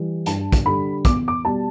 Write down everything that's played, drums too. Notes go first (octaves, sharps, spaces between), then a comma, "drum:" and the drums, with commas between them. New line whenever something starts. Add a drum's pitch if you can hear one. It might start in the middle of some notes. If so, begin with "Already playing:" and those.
Already playing: E3 G3
G2 A5, drum: hi-hat
drum: kick, hi-hat
D3 G3 B5
E2 D6, drum: kick, hi-hat
D6
B2 G3 A5